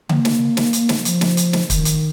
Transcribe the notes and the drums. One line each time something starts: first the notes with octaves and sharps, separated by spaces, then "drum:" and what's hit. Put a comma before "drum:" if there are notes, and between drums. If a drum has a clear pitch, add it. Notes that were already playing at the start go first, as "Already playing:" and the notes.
A#3, drum: tom C#3
drum: snare
drum: snare
drum: hi-hat
drum: snare
G3
F3, drum: hi-hat
drum: snare
drum: hi-hat
drum: snare
D#3, drum: kick, hi-hat
drum: hi-hat